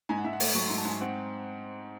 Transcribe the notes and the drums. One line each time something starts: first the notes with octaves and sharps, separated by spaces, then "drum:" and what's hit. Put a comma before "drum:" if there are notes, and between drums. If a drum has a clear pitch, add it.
G#2 G#5
F#5
G#2 E5
F#5
A3, drum: open hi-hat
F#3 C#6
G#2 C6
A5
G#2 G#5
C4 F#5